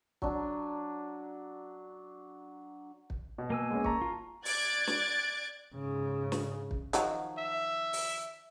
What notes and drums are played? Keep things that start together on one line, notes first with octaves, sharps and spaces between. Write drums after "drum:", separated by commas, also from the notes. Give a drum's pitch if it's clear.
F#3 D4, drum: kick
drum: kick
B2
A#3 G#5 E6
G#3 B3 C#4
A5 A#5 C#6, drum: kick
F4
D5 F#6 G#6 A6 D7, drum: open hi-hat
drum: snare
G#2 C#3
drum: snare
drum: kick
D#3 F3 F#3, drum: hi-hat
E5
drum: open hi-hat